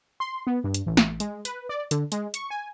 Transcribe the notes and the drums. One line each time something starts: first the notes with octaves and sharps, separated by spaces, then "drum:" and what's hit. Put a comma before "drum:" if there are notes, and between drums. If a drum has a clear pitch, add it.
C6
B3
G2
drum: hi-hat
A1
drum: snare
G#3, drum: hi-hat
B4, drum: hi-hat
D5
D3, drum: hi-hat
G#3, drum: hi-hat
C#6, drum: hi-hat
G#5